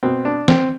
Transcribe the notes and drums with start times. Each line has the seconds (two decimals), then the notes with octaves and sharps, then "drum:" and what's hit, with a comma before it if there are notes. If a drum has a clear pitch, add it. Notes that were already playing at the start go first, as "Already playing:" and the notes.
0.03 B2 C4
0.25 D4
0.48 C4, drum: snare